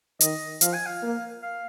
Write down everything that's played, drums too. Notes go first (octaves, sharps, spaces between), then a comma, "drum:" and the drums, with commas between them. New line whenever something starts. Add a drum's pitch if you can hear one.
D#3 D#5, drum: hi-hat
F3 F5, drum: hi-hat
G#5
F5
A#3
F5